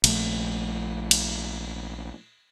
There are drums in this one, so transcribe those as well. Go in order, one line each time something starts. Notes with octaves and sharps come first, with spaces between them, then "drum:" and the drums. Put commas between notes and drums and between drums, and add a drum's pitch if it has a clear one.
A#1 A3, drum: cymbal
drum: cymbal